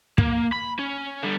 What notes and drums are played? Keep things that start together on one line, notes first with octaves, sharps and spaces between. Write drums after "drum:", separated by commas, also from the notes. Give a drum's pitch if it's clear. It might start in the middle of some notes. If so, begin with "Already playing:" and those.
A#3, drum: kick
B5
C#4
D3 G3